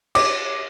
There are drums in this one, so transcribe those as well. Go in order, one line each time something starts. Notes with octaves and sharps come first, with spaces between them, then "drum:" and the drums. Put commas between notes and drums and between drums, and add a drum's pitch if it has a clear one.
D6, drum: cymbal